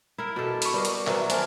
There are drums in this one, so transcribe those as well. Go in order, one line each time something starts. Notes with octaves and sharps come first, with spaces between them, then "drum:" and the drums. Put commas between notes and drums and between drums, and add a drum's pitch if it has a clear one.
E4 A#4
B2 G4 A4
B5 C#6, drum: hi-hat
G3 A#4 B4 D5 D#5 F5
drum: hi-hat
D#3 F#3 B4 C5 E5, drum: clap
D4 A#4 C5 G#5, drum: hi-hat